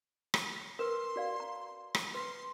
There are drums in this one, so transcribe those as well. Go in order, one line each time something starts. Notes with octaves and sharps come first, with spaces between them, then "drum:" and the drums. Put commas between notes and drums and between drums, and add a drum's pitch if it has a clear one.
drum: rim click
A#4 B4 C6 E6
F#4 D5 F5
A#5
drum: rim click
B4 C6